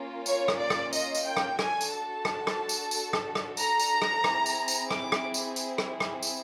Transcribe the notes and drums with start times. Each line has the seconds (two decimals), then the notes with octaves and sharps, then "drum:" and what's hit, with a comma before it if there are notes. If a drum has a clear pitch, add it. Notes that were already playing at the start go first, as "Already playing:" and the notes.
Already playing: A#3 C#4 F4
0.26 C#5, drum: tambourine
0.48 drum: rim click
0.59 D5
0.70 drum: rim click
0.93 D#5, drum: tambourine
1.15 drum: tambourine
1.26 G5
1.37 drum: rim click
1.59 D4 F#4 A4 G#5, drum: rim click
1.81 drum: tambourine
1.92 A5
2.25 drum: rim click
2.47 drum: rim click
2.69 drum: tambourine
2.91 drum: tambourine
3.13 drum: rim click
3.35 drum: rim click
3.57 A#5, drum: tambourine
3.80 drum: tambourine
4.02 drum: rim click
4.24 C4 E4 G#4, drum: rim click
4.46 drum: tambourine
4.68 drum: tambourine
4.91 D6, drum: rim click
5.12 drum: rim click
5.34 drum: tambourine
5.56 drum: tambourine
5.78 drum: rim click
6.00 drum: rim click
6.22 drum: tambourine